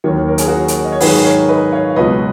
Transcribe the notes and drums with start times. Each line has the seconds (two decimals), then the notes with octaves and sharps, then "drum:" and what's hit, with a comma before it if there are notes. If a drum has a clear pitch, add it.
0.04 D#2 D#3 F#3 A#4 C#5
0.28 A#4
0.38 G#4, drum: hi-hat
0.47 F#4 A#4
0.68 drum: hi-hat
0.84 D#5
0.92 C#5
1.01 G#2 D#3 F#3 G#4 B4, drum: open hi-hat
1.24 A#4 C#5
1.48 B4 D#5
1.72 C#5 F5
1.90 F5
1.96 C#2 B2 F#3 B4 D#5